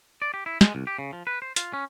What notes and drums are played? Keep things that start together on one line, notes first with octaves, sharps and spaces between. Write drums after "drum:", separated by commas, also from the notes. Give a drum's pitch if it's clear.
D5
G4
E4
G#3, drum: snare
C2
G4
C#3
F3
B4
C5
F4, drum: hi-hat
C#4